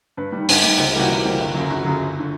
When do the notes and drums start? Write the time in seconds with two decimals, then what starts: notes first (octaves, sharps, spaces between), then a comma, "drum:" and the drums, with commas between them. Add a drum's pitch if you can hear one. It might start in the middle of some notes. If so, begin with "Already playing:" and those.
0.17 G2 B4
0.32 D#3 G3
0.49 G2, drum: open hi-hat
0.64 D#3 G3
0.78 C#2 C5
0.89 G4
0.94 C3 E3 G3 A#3 F#4
1.09 C#2
1.24 C3 E3 G3 A#3
1.39 G1
1.55 F#2 C#3 F#3
1.69 G1 F#4
1.84 F#2 C#3 F#3
2.01 G1
2.19 D3